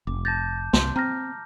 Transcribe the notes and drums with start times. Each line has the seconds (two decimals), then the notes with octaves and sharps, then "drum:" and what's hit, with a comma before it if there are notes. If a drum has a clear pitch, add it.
0.07 F1 D6
0.25 A5 G6 A6 A#6
0.73 C2 C6, drum: snare
0.96 C4 A#5 F6 A#6